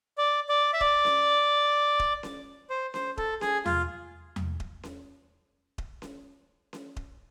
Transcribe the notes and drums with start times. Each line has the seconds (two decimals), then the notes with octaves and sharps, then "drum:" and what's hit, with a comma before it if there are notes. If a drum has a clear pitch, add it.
0.18 D5
0.49 D5
0.73 E5
0.81 D5, drum: kick D#1
1.05 drum: snare C#4
1.99 drum: kick D#1
2.23 drum: snare C#4
2.70 C5
2.94 C5, drum: snare C#4
3.18 A4, drum: kick D#1
3.41 G#4, drum: snare C#4
3.66 F4, drum: tom E2
4.36 drum: tom E2
4.60 drum: kick D#1
4.83 drum: snare C#4
5.78 drum: kick D#1
6.02 drum: snare C#4
6.73 drum: snare C#4
6.96 drum: kick D#1